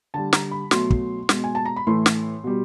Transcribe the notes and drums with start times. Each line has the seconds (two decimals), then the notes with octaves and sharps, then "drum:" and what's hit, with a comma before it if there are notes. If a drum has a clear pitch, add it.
0.14 D3 G3 A5
0.33 A#5, drum: snare
0.51 B5
0.71 B2 F#3 A3 C6, drum: snare
0.90 drum: kick
1.29 B2 G#3, drum: snare
1.44 G#5
1.55 A5
1.65 A#5
1.76 B5
1.87 A2 E3 A3 C6
2.06 drum: snare
2.44 B2 G3